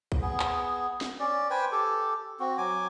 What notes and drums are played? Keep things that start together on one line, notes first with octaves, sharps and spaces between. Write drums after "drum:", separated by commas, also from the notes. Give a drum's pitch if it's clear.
drum: kick A#1
B3 G#4
drum: clap
drum: snare
C#4 D5
B4 C5 G5 G#5
G4 A4
C4 F#4
F#3 G#5 D6